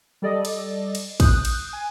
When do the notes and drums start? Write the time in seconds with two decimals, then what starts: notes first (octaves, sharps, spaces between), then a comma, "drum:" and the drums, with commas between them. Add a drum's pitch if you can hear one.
0.22 G3 A4 D5 D#5
0.45 drum: cymbal
0.95 drum: cymbal
1.20 D#6 F#6 G6, drum: kick, cymbal
1.45 drum: cymbal
1.73 G#5